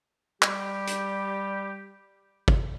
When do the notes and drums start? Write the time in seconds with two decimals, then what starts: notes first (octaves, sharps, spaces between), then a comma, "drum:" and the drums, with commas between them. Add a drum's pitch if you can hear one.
0.42 G3 G4, drum: clap
0.87 drum: hi-hat
2.48 drum: kick